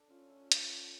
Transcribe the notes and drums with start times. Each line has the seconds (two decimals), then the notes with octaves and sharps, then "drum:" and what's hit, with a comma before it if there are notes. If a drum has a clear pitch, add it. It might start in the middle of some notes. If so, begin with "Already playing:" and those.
Already playing: D4 A4
0.10 C#4 F4
0.30 A3
0.52 A4, drum: hi-hat
0.71 A4